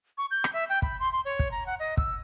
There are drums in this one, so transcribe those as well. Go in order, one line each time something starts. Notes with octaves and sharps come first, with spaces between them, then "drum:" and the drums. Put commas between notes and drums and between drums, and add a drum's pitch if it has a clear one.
C#6
G6
drum: rim click
E5
G5
B5, drum: kick
C6
C6
C#5
drum: kick
A#5
F#5
D#5
E6, drum: kick